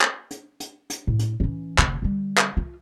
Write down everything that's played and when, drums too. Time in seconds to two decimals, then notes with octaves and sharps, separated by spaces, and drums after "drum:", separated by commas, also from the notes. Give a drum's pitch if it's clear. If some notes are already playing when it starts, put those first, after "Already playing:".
0.01 drum: clap
0.31 drum: hi-hat
0.60 drum: hi-hat
0.90 drum: hi-hat
1.07 A2
1.19 drum: hi-hat
1.40 E3 C#4
1.78 F1 D3, drum: clap
2.02 D3 G3
2.38 drum: clap
2.57 F4